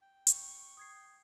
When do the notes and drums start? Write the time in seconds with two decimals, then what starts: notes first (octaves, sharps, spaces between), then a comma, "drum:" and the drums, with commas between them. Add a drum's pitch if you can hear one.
0.02 G5
0.27 C#6, drum: hi-hat
0.77 D#6 G#6 C7